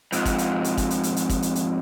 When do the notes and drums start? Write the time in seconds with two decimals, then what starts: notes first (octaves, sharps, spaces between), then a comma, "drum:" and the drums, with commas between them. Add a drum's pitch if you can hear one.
0.12 F2 G#2, drum: hi-hat
0.25 drum: kick, hi-hat
0.38 drum: hi-hat
0.64 drum: hi-hat
0.77 drum: kick, hi-hat
0.90 drum: hi-hat
1.03 drum: hi-hat
1.16 drum: hi-hat
1.29 drum: kick, hi-hat
1.42 drum: hi-hat
1.55 drum: hi-hat